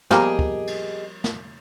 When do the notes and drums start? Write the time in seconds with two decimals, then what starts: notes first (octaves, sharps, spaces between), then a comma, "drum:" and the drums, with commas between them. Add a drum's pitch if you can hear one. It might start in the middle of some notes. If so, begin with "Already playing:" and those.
0.11 F3 G3 A#3 B3 G4 G#4 D#5 A#5, drum: snare
0.39 drum: kick
0.67 drum: cymbal
1.24 drum: snare